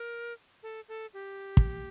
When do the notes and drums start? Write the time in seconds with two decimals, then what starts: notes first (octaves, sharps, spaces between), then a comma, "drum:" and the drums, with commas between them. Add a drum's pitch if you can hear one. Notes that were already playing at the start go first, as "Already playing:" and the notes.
Already playing: A#4
0.63 A4
0.89 A4
1.14 G4
1.57 drum: kick